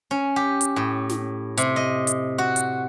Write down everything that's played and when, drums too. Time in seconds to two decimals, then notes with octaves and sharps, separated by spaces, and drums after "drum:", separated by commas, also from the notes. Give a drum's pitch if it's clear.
0.11 C#4
0.36 G4
0.61 drum: hi-hat
0.76 A2
1.09 drum: snare
1.57 C3, drum: hi-hat
1.76 D#5
2.07 drum: hi-hat
2.38 F#4
2.56 drum: hi-hat